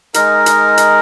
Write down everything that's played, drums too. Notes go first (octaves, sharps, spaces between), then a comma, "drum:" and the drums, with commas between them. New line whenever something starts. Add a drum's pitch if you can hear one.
G#3 D#4 A#4, drum: hi-hat
drum: hi-hat
drum: hi-hat